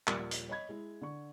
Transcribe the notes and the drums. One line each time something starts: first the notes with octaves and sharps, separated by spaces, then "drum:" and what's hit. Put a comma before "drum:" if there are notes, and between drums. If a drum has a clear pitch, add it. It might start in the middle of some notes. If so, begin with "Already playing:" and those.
D#1 F3 G3 A#4 C#7, drum: clap
drum: hi-hat
C#5 D#5 B5 G#6
G#3 E4
D3 C#6